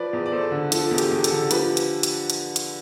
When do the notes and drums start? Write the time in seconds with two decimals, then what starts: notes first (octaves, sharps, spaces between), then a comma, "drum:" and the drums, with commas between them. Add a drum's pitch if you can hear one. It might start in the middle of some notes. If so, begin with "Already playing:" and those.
Already playing: F3 B4 D5
0.13 E2
0.26 D5
0.32 E2 A4 C5
0.52 D3
0.72 F3 A4, drum: hi-hat
0.91 E2
0.98 G4, drum: hi-hat
1.11 E2
1.24 A4, drum: hi-hat
1.31 D3
1.51 F3 G4 B4, drum: hi-hat
1.77 drum: hi-hat
2.03 drum: hi-hat
2.30 drum: hi-hat
2.56 drum: hi-hat